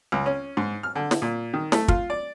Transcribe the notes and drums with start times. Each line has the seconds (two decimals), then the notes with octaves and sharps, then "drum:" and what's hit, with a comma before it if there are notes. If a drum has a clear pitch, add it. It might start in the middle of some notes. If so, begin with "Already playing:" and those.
0.12 C#2
0.26 C#4
0.57 G#2
0.83 F6
0.95 D3
1.11 drum: snare
1.22 A#2
1.54 D#3
1.72 A3, drum: snare
1.88 F4, drum: kick
2.10 D5